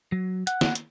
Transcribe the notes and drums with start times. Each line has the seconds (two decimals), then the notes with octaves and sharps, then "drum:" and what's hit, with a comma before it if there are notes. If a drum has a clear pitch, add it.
0.12 F#3
0.47 F#5, drum: hi-hat
0.61 drum: snare
0.75 drum: hi-hat